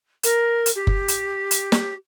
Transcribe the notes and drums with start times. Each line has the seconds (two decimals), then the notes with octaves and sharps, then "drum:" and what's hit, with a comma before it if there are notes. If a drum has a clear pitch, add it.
0.23 A#4, drum: hi-hat
0.66 drum: hi-hat
0.75 G4
0.87 drum: kick F#1
1.08 drum: hi-hat
1.51 drum: hi-hat
1.72 drum: snare